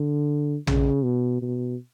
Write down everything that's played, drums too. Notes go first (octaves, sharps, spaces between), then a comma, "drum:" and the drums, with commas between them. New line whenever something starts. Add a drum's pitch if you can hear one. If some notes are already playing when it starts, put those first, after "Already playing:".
Already playing: D3
C#3, drum: tom
B2
B2